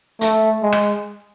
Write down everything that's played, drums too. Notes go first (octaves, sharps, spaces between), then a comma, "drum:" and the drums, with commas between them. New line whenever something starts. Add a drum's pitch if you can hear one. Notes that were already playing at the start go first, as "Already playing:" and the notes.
A3, drum: hi-hat
G#3
drum: rim click